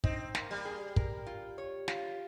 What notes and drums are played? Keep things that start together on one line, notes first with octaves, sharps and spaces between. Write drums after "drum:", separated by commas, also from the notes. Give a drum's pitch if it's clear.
C4 D#4, drum: kick
A#3, drum: snare
G3
G#4
A#4, drum: kick
F4
C#5
F4, drum: snare